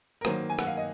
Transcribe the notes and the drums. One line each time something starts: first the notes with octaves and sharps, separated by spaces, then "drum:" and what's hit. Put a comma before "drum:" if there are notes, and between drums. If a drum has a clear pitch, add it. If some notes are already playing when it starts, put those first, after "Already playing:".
A#4
D#3 F#3 A#3 C5, drum: rim click
G#5
F#5, drum: rim click
F5
D#5